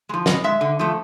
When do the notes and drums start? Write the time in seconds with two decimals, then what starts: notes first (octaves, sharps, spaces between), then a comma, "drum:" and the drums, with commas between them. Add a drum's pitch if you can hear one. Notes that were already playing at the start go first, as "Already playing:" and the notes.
0.09 G#3
0.14 F3
0.26 B2 D#5, drum: snare
0.44 G#3 E5
0.61 D3
0.79 F3 A3